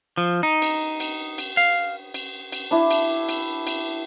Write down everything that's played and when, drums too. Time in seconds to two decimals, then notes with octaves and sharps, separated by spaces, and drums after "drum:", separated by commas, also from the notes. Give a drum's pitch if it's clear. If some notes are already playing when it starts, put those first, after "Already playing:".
0.17 F3
0.43 D#4
0.62 drum: cymbal
1.00 drum: cymbal
1.38 drum: cymbal
1.57 F5
2.14 drum: cymbal
2.52 drum: cymbal
2.71 D4 E4
2.91 drum: cymbal
3.29 drum: cymbal
3.67 drum: cymbal